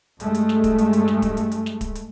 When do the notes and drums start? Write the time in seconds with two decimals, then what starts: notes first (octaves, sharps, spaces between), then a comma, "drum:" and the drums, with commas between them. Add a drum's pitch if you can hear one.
0.20 G2 G#3 A3, drum: hi-hat
0.34 drum: hi-hat
0.49 drum: snare
0.64 drum: kick D1, hi-hat
0.78 drum: hi-hat
0.93 drum: hi-hat
1.08 drum: snare
1.22 drum: kick D1, hi-hat
1.37 drum: hi-hat
1.52 drum: hi-hat
1.66 drum: snare
1.81 drum: kick D1, hi-hat
1.95 drum: hi-hat